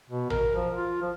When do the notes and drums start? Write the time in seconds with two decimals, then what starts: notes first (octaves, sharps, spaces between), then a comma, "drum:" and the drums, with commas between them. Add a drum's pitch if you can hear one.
0.10 B2
0.30 A#4, drum: tom A1
0.55 F3
0.74 F4
1.02 F3